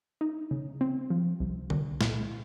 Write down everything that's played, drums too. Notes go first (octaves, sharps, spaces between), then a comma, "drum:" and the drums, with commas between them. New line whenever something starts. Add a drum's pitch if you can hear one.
D#4
C#3
C4
F3
C2
C2, drum: tom D3
A#2, drum: snare